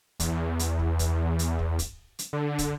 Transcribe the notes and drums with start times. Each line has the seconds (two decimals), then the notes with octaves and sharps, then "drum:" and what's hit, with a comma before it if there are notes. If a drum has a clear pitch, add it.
0.20 E2, drum: kick, hi-hat
0.59 drum: hi-hat
0.79 drum: kick
0.99 drum: kick, hi-hat
1.39 drum: hi-hat
1.59 drum: kick
1.79 drum: kick, hi-hat
2.19 drum: hi-hat
2.33 D3
2.58 drum: kick, hi-hat